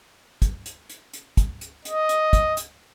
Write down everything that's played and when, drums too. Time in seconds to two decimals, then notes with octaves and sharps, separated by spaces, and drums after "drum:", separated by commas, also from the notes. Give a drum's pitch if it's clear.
0.42 drum: kick, hi-hat
0.66 drum: hi-hat
0.90 drum: hi-hat
1.13 drum: hi-hat
1.37 drum: kick, hi-hat
1.61 drum: hi-hat
1.85 D#5, drum: hi-hat
2.09 drum: hi-hat
2.33 drum: kick, hi-hat
2.57 drum: hi-hat